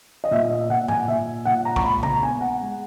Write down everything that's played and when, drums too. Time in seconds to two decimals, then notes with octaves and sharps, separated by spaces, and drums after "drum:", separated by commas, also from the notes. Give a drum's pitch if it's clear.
0.24 D#5
0.31 A#2 E5
0.50 D#5
0.69 A#2 F#5
0.88 G#5, drum: tom G#2
1.08 A#2 E5
1.45 A#2 F#5
1.65 A#5
1.76 C#6, drum: kick A#1
1.84 G#3 B5
2.03 A#5, drum: tom
2.22 B3 G#5
2.41 F#5
2.61 G#3